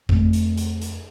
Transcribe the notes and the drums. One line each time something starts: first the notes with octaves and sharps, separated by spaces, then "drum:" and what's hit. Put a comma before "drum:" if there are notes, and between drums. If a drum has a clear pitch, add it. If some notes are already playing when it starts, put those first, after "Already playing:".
F2 A3, drum: kick G1
drum: hi-hat
drum: hi-hat
drum: hi-hat